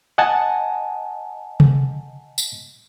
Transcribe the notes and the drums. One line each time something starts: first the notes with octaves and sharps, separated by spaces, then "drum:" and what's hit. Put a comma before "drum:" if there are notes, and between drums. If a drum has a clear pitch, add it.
D#5 F#5 G#5 A5
drum: tom C3
drum: tambourine